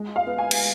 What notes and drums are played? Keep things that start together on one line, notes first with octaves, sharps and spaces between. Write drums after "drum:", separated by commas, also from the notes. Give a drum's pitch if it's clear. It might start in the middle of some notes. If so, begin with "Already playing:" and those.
Already playing: G#3
F5
B3
G#5
drum: cymbal